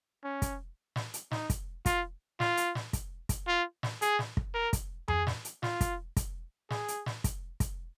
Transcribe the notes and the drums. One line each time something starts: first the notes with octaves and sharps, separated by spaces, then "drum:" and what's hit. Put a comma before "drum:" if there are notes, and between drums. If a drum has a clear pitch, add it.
C#4
drum: kick, hi-hat
drum: snare
drum: hi-hat
D#4, drum: snare
drum: kick, hi-hat
F4, drum: kick, hi-hat
F4, drum: snare
drum: hi-hat
drum: snare
drum: kick, hi-hat
drum: kick, hi-hat
F4
drum: snare
G#4, drum: hi-hat
drum: snare
drum: kick
A#4
drum: kick, hi-hat
G#4, drum: tom F2
drum: snare
drum: hi-hat
F4, drum: snare
drum: kick, hi-hat
drum: kick, hi-hat
G#4, drum: snare
drum: hi-hat
drum: snare
drum: kick, hi-hat
drum: kick, hi-hat